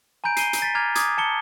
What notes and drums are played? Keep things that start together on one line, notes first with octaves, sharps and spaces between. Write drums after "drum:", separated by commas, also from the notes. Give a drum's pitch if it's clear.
G#5 A#5 B5 G6 D7
C7 D#7 G7, drum: hi-hat
drum: hi-hat
A6 B6 C7
A#5 D6 F6 G#6 F7
D6 D#6 G#6, drum: hi-hat
A5 C#7 G7